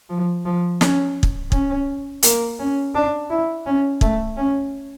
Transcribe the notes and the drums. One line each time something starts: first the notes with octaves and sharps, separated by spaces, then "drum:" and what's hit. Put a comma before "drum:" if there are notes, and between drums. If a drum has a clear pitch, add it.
F3
F3
C#4, drum: snare
drum: kick
C#4, drum: kick
A#3, drum: hi-hat
C#4
D4
E4
C#4
A3, drum: kick
C#4